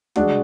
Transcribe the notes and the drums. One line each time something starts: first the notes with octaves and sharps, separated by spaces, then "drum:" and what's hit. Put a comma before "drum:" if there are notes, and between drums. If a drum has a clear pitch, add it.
G#3 D4 F#4, drum: tom